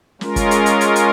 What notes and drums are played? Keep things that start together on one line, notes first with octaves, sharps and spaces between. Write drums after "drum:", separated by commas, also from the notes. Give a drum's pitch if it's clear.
G#3 C#4 F4 A#4, drum: snare
drum: kick, hi-hat
drum: hi-hat
drum: hi-hat
drum: hi-hat
drum: hi-hat